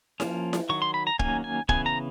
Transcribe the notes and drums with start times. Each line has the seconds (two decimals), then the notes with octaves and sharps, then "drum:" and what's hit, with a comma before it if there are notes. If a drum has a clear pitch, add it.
0.20 F3 A#3 C#4, drum: snare E4
0.53 drum: snare E4
0.69 D#3 F#3 C#6
0.82 C6
0.94 B5
1.07 A#5
1.19 D#3 F#3 A#3 C#4 G#5, drum: kick
1.44 G#5
1.69 C#3 E3 G3 B3 G#5, drum: kick
1.86 A#5